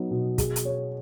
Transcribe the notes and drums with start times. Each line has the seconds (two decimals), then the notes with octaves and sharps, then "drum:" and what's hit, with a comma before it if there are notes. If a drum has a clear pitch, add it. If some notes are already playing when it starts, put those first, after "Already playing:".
Already playing: F#3 B3 D#4
0.11 B2
0.38 G#4, drum: kick, hi-hat
0.56 drum: hi-hat
0.65 C#5